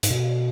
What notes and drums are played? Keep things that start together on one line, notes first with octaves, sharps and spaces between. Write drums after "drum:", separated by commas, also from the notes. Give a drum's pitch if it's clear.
G#2, drum: hi-hat
B2